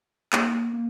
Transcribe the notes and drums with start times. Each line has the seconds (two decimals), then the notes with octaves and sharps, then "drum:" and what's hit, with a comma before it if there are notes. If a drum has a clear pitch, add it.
0.33 A#3, drum: clap
0.73 A#3